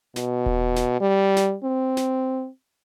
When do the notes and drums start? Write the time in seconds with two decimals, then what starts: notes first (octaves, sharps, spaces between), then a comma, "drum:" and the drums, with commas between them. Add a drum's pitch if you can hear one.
0.16 B2, drum: snare
0.46 drum: kick D#1
0.76 drum: snare
1.01 G3
1.37 drum: snare
1.64 C4
1.97 drum: snare